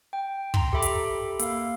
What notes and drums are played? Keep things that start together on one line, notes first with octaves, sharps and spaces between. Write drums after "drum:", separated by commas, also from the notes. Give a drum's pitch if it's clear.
G5
A#5 C6, drum: kick
G4 A4 E5 B5 D6
drum: hi-hat
A#3 F5, drum: hi-hat